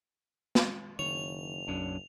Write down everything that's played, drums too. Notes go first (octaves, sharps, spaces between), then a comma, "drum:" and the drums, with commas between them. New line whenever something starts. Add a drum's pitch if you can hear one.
drum: snare
F#1 D#3 C#5 F7
B1 F#2 F#3 C#4 D4